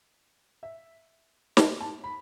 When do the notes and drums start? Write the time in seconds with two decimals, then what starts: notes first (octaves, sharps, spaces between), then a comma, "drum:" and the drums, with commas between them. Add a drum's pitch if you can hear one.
0.63 E5
1.57 A5, drum: snare
1.81 A5
2.04 B5